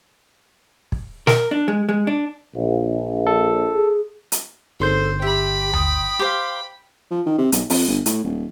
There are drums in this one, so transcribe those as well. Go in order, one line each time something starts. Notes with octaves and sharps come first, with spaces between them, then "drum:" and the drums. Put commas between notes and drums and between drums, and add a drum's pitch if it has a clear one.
drum: kick
A#4, drum: snare
D4
G#3
G#3
D4
A#1
A4
G#4
drum: hi-hat
G1 A4 C5 C6 G6
G4 E5 G5 B5
D#6, drum: tom D2
G4 C5 F5 C6
F3
D#3
C3
B1, drum: hi-hat
F2, drum: open hi-hat
G1
A2, drum: hi-hat
D#1